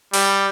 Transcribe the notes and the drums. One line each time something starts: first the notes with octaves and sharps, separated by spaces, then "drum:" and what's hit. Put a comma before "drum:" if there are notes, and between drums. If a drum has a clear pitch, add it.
G3, drum: open hi-hat